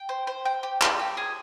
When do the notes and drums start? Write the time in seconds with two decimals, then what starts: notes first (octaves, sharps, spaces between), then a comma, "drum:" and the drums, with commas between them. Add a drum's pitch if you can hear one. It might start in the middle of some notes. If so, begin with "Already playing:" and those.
Already playing: G5
0.09 C5
0.27 C5
0.45 G5
0.63 G4
0.81 G4, drum: clap
0.99 G4
1.17 G#4